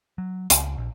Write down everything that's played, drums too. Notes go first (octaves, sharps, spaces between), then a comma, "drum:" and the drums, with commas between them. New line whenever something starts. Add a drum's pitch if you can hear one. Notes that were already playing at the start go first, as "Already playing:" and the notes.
F#3
C#2, drum: hi-hat
A#1